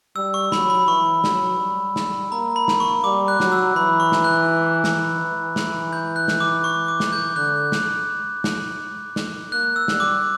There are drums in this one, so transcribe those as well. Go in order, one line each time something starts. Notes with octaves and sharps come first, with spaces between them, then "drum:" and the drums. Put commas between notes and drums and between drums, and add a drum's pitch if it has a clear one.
G3 E6
C#6
F#3 B5, drum: snare
B5
E3 C#6
F#3, drum: snare
G3
drum: snare
A#3 A#5
B5
drum: snare
C#6
G3 D6
F#6
F#3, drum: snare
E6
E3 B5
C#6
drum: snare
F#6
drum: snare
E3
drum: snare
G6
F#6
drum: snare
D6
C#6
D6
drum: snare
G6
D3 F#6
drum: snare
drum: snare
drum: snare
A#3 F#6
E6
G3, drum: snare
D6